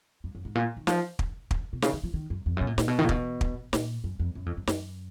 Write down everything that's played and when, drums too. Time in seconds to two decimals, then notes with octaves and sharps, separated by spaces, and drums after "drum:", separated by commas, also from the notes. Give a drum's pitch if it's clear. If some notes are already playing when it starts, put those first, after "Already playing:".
0.24 F#2
0.35 F#2
0.45 G#2
0.55 A#2
0.77 D#3
0.87 F3, drum: snare
1.19 drum: kick
1.51 drum: kick
1.73 B2
1.82 C#3, drum: snare
1.93 D#3
2.04 F3
2.14 D#3
2.30 F#2
2.46 F2
2.57 F#2
2.61 B2
2.67 A#2
2.78 A#2, drum: snare
2.88 B2
2.99 D#3
3.05 A#2
3.09 B2, drum: kick
3.41 drum: kick
3.73 A#2, drum: snare
4.04 F#2
4.19 F2
4.35 F#2
4.46 F2
4.57 F#2
4.67 F#2, drum: snare